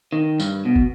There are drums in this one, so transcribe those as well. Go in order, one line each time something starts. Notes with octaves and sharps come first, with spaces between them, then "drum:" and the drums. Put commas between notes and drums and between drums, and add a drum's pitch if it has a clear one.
D#3
G2, drum: tambourine
B2
drum: kick